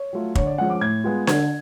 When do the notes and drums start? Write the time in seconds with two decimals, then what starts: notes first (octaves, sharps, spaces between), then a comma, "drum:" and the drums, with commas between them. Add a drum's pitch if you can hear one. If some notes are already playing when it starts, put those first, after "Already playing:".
Already playing: C#5
0.13 F#3 A3 F4
0.35 D3 C#5, drum: kick
0.46 D5
0.58 F3 G#3 C#4 F#5
0.70 D6
0.81 A2 G#6
1.04 G#3 B3 F4
1.27 D3 G#6, drum: snare D4